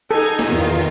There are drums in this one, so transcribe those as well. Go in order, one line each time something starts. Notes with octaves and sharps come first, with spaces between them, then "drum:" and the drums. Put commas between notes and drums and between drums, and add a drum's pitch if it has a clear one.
D#4 A4 G#5
drum: snare
E2 D#3 F4